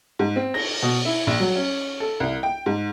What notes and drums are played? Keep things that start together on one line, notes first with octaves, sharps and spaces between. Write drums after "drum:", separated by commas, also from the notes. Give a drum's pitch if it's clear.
G#2
C4
A#6, drum: cymbal
B2
E4
A#1
F#3
C#4
A4
C2
G5
G#2